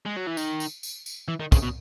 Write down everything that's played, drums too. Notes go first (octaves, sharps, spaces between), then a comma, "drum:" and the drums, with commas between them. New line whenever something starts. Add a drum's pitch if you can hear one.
G#3
F#3
E3
D#3, drum: tambourine
drum: tambourine
drum: tambourine
drum: tambourine
E3
D#3
C#3, drum: kick, tambourine
B2